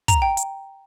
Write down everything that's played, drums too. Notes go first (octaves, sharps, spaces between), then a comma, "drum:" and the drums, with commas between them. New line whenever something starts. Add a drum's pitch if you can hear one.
A#5, drum: kick, hi-hat
G5
drum: hi-hat